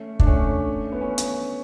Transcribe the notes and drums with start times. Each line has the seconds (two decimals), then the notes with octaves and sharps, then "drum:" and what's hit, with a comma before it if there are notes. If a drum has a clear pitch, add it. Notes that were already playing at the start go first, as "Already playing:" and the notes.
Already playing: A3 C#4
0.20 D4, drum: kick
0.26 A3 C#4
0.92 B3
1.01 C#4
1.18 drum: hi-hat